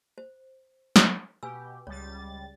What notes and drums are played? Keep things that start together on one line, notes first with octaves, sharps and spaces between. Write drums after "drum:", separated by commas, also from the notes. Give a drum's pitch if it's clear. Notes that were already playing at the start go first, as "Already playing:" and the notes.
C5
drum: snare
B2 G4 B4 G#5 E6
C#2 G3 C#5 A6